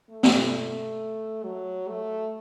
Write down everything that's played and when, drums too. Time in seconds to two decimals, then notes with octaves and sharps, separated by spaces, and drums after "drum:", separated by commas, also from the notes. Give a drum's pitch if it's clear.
0.11 A3
0.23 drum: snare
1.44 F#3
1.88 A3